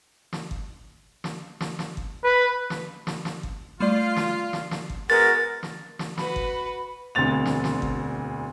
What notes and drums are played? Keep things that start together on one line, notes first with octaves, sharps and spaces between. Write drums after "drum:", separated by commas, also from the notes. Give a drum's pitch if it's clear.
drum: snare
drum: kick G1
drum: snare
drum: snare
drum: snare
drum: kick G1
B4
drum: snare
drum: snare
drum: snare
drum: kick G1
G3 A3 F4 D5
drum: snare
drum: snare
drum: snare
drum: kick G1
G#3 B3 F#4 A#4 A6
drum: snare
drum: snare
F#4 B4 B5, drum: snare
drum: kick G1
E1 D2 C4 A6 F7
drum: snare
drum: snare
drum: kick G1